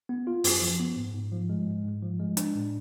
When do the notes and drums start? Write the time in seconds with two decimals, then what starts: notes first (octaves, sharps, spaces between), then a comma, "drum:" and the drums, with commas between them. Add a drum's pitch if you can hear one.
0.09 B3
0.27 F4
0.44 F#2, drum: open hi-hat
0.61 F3
0.80 B3
0.96 G#2
1.14 G#2
1.32 F3
1.49 G#3
1.67 G#2
1.84 G#2
2.02 F3
2.19 G#3
2.37 D4, drum: hi-hat
2.55 A2